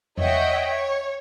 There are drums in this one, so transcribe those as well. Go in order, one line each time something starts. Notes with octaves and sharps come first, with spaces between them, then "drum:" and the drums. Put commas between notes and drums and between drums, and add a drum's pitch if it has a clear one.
C#5 D#5 E5 F#5 G5, drum: tom E2
C#5